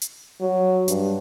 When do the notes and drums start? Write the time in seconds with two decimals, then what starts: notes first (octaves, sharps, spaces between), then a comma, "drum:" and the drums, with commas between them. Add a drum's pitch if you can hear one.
0.02 drum: hi-hat
0.41 F#3
0.88 G2, drum: hi-hat